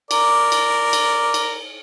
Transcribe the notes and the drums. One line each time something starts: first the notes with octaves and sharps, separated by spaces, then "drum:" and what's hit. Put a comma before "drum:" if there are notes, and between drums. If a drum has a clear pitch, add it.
A#4 D5, drum: cymbal
drum: cymbal
drum: cymbal
drum: cymbal